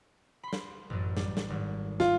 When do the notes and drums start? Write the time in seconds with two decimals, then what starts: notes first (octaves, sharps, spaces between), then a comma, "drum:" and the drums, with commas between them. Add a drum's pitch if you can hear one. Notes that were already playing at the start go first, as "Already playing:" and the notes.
0.43 B5 C6
0.53 drum: snare
0.90 A1 F#2
1.17 G3, drum: snare
1.37 drum: snare
1.50 G#1
2.00 F4, drum: snare